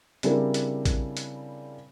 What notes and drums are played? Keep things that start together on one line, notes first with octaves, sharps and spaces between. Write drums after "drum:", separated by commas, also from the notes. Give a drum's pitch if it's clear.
C#3 G3 C4 D4 E4 A#4, drum: hi-hat
drum: hi-hat
drum: kick A1, hi-hat
drum: hi-hat